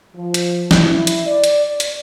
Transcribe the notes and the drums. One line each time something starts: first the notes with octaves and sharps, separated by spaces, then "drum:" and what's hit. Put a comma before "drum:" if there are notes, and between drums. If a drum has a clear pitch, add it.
F3
drum: hi-hat
E4, drum: snare
drum: hi-hat
D5
drum: hi-hat
drum: hi-hat